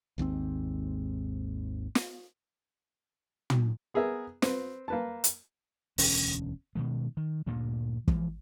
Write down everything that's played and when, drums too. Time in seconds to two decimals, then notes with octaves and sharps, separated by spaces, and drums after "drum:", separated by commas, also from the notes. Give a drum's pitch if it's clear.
0.18 G#1 D#2 G#2 C4
1.95 drum: snare
3.50 drum: tom
3.94 B3 G#4 A#4 E5
4.42 C4 B4, drum: snare
4.88 A#3 B4 A5
5.24 drum: hi-hat
5.98 E1 D2 C#4, drum: open hi-hat
6.75 B2 D#3 G#3
7.17 D#3
7.46 D2 G2 A#2
8.08 E3 F3 G#3, drum: kick